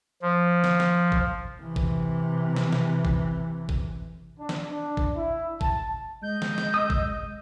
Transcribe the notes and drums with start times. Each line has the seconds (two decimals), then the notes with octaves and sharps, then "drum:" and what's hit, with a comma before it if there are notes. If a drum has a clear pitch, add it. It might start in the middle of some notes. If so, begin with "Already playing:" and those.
0.22 F3
0.64 drum: snare
0.80 drum: snare
1.12 drum: kick
1.61 C3 E3
1.76 drum: kick
2.56 drum: snare
2.73 drum: snare
3.05 drum: kick
3.69 drum: kick
4.39 D4
4.49 drum: snare
4.68 D4
4.97 drum: kick
5.15 E4
5.61 A5, drum: kick
6.23 G#3 D#5 G6
6.42 drum: snare
6.58 drum: snare
6.74 D#6 E6
6.90 drum: kick